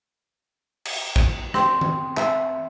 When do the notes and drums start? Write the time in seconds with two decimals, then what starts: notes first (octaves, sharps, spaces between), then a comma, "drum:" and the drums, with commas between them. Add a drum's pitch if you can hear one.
0.85 drum: cymbal
1.16 drum: kick
1.54 C4, drum: rim click
1.81 drum: tom D#3
2.17 E5, drum: clap